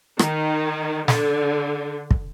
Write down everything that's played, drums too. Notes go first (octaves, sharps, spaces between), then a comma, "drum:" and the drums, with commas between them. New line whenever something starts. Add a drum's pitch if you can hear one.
D#3, drum: rim click
D3, drum: snare
drum: kick